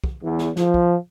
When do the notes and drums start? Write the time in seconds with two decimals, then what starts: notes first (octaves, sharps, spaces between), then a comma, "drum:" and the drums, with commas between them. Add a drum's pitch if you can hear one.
0.04 drum: kick
0.22 E2
0.39 drum: snare
0.57 F3, drum: snare
0.74 drum: kick